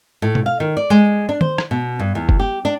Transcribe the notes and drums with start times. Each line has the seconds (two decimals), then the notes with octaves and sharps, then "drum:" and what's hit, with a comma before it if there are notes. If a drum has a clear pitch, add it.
0.22 A2
0.35 drum: tom B2
0.46 F5
0.60 D#3
0.77 D5
0.90 G#3
1.29 D4
1.41 C5, drum: tom D#3
1.58 drum: rim click
1.71 B2
1.99 G2
2.15 E2
2.29 drum: kick F#1
2.40 G4
2.65 D4